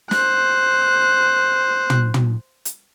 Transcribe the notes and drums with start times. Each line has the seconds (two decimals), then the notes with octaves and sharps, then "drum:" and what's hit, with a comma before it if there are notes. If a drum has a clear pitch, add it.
0.11 C5 F#6, drum: snare
1.90 drum: tom
2.14 drum: tom
2.65 drum: hi-hat